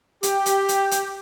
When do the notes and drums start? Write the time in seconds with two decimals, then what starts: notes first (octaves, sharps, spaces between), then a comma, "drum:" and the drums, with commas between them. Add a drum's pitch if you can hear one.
0.23 G4, drum: hi-hat
0.46 drum: hi-hat
0.69 drum: hi-hat
0.91 drum: hi-hat